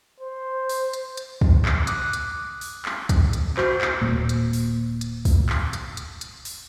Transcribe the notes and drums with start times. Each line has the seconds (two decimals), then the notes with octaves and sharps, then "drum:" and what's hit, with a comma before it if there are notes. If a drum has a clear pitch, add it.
0.20 C5
0.69 drum: open hi-hat
0.93 drum: hi-hat
1.17 drum: hi-hat
1.41 drum: kick
1.65 drum: clap
1.87 D6 D#6 F#6, drum: hi-hat
2.13 drum: hi-hat
2.61 drum: open hi-hat
2.85 drum: clap
3.09 drum: kick, hi-hat
3.33 drum: hi-hat
3.57 F#4 C5, drum: clap
3.81 drum: clap
4.02 D#1 A#2 A#3
4.29 drum: hi-hat
4.53 drum: open hi-hat
5.01 drum: hi-hat
5.25 drum: kick, open hi-hat
5.49 drum: clap
5.73 drum: hi-hat
5.97 drum: hi-hat
6.21 drum: hi-hat
6.45 drum: open hi-hat